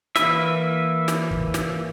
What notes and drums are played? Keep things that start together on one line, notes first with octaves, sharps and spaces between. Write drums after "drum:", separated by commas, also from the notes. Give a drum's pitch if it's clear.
E3 A#3 B4 E5, drum: snare
drum: snare
drum: kick
drum: snare